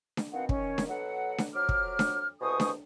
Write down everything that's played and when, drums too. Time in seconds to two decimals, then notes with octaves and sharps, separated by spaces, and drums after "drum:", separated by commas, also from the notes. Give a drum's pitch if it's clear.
0.17 drum: snare D4
0.33 B2 D#3 C4 F5 F#5
0.49 D#3 C#4, drum: kick
0.78 drum: snare D4
0.89 B2 F#3 A4 F#5
1.38 drum: snare D4
1.54 F2 F#3 D6 F6
1.69 drum: kick
1.99 drum: snare D4
2.41 C2 B2 C5 G#5 C#6 D#6
2.60 drum: snare D4